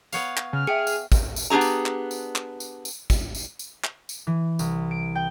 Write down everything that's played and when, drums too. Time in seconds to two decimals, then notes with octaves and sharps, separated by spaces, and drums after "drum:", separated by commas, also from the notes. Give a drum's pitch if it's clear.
0.13 B3 C#5 F5, drum: tambourine
0.37 drum: clap
0.53 C#3 F6
0.67 G#4 E5 G5 C#7
0.87 drum: tambourine
1.12 drum: kick, tambourine
1.36 drum: tambourine
1.50 B3 D4 G4 G#4 A#5
1.61 drum: tambourine
1.86 drum: clap
2.11 drum: tambourine
2.36 drum: clap
2.60 drum: tambourine
2.85 drum: tambourine
3.10 drum: kick, tambourine
3.35 drum: tambourine
3.59 drum: tambourine
3.84 drum: clap
4.09 drum: tambourine
4.27 E3
4.59 C2, drum: tambourine
4.91 D7
5.15 G5